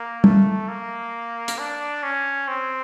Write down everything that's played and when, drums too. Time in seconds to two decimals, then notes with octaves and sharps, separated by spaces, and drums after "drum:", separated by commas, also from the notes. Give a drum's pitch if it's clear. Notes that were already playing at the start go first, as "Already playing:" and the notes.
Already playing: A#3
0.24 A3, drum: tom
0.68 A#3
1.48 drum: hi-hat
1.59 D4
2.03 C#4
2.48 C4